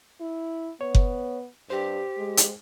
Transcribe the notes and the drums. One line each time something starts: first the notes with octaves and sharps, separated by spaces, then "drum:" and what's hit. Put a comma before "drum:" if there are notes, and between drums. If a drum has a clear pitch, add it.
E4
B3 C#5
drum: kick F#1
G2 G4 C5 G5
G#3
drum: hi-hat